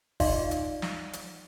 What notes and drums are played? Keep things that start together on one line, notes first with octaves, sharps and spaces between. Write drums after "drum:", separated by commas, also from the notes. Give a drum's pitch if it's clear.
D#4 F4 D5 D#5 F5 C6, drum: kick, open hi-hat
drum: hi-hat
drum: snare
drum: hi-hat